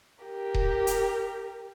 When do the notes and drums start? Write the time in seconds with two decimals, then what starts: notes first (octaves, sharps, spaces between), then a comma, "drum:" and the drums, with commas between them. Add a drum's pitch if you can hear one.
0.24 G4 A#4
0.54 drum: kick D#1
0.87 drum: hi-hat